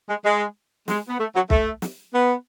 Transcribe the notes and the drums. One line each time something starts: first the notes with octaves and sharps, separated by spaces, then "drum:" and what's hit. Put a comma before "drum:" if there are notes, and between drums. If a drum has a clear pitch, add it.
G#3
G#3
G#3, drum: snare
B3
A3
F#3
A3, drum: kick
drum: snare
B3